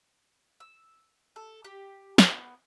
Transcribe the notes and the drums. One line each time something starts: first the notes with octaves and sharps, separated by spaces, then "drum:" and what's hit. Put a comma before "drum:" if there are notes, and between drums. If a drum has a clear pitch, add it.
E6
A4
G4
B3, drum: snare